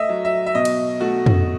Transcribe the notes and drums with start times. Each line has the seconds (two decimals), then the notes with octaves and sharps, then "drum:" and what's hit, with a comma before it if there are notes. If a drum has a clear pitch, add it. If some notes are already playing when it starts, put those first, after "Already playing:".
Already playing: A3 D#5 E5
0.09 F#3
0.25 E5
0.46 E5
0.55 B2 D#5
0.65 drum: cymbal
1.00 A3 F#4
1.26 drum: tom